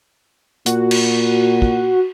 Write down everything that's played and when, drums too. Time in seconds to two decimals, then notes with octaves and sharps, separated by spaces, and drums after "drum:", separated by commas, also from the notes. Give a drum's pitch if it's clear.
0.66 A#2 F#4, drum: hi-hat
0.91 drum: cymbal
1.62 drum: kick